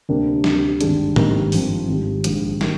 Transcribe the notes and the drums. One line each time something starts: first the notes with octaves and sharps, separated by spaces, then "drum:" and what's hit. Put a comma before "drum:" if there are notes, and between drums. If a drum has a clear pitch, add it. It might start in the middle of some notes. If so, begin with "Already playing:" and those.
D2 C3 G3 A#3 D4
D2 D3 G3 C4, drum: snare
G#1 G2 D#3 G#3 D4, drum: hi-hat
G#1 G#2 G3 A#3 D#4, drum: tom
G2 F3 C4, drum: open hi-hat
G#1 G#2 G3
A#1 G#2 D#3, drum: hi-hat
D#3 A#3, drum: snare